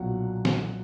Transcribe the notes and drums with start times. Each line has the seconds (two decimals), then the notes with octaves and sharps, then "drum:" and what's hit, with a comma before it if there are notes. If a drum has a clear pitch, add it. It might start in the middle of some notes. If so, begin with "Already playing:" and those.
Already playing: B1 A#2 F#3 F#5
0.45 drum: snare